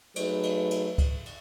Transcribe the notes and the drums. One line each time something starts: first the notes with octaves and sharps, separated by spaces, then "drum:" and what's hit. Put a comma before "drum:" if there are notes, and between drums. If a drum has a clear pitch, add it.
F#3 A3 D#4 G#4 B4, drum: cymbal
drum: cymbal
drum: cymbal
drum: kick, cymbal
drum: cymbal